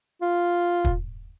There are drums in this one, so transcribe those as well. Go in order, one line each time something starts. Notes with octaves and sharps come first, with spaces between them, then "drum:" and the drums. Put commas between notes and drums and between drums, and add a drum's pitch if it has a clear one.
F4
drum: kick